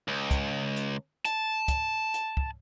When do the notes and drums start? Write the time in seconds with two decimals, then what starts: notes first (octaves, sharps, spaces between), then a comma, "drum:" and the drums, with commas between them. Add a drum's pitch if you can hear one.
0.08 C#2
0.31 drum: kick, hi-hat
0.77 drum: hi-hat
1.25 A5, drum: hi-hat
1.68 drum: kick, hi-hat
2.14 drum: hi-hat
2.37 drum: kick